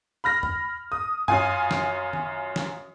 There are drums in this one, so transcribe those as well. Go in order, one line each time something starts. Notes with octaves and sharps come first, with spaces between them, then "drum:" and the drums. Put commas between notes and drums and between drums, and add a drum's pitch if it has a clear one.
B5 F6 A#6
drum: tom
D#6
F#2 F4 F5 G#5, drum: tom
drum: snare
drum: tom
drum: snare